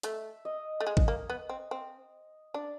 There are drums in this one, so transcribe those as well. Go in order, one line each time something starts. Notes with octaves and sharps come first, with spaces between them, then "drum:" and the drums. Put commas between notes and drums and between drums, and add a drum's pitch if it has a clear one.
A3 E5, drum: hi-hat
D#5
A3
G#3
drum: kick A1
A#3
B3
C4
C4
D4 D5